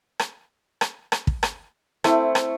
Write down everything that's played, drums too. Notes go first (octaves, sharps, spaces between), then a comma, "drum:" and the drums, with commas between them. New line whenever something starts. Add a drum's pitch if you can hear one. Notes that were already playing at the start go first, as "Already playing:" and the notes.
drum: rim click
drum: rim click
drum: rim click
drum: kick
drum: rim click
A3 C4 E4, drum: rim click
drum: rim click